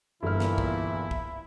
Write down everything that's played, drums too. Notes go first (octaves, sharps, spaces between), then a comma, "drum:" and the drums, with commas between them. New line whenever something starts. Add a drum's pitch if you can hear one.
G1 E2 A#2 E4 F6
drum: snare
drum: kick
drum: kick